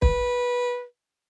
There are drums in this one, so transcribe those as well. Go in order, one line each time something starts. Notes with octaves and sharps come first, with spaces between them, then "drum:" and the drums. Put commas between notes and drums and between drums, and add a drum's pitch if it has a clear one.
B4, drum: kick